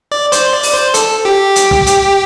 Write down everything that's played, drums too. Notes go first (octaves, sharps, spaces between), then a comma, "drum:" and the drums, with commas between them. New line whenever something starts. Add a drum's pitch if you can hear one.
D5
C5, drum: hi-hat
D5
drum: open hi-hat
C5
A4, drum: hi-hat
G4
drum: hi-hat
drum: kick
drum: hi-hat